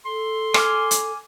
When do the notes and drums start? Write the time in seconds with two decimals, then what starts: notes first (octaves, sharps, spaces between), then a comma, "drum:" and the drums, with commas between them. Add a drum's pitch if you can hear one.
0.06 A4 C6
0.54 G#5 D6 F6, drum: rim click
0.91 drum: hi-hat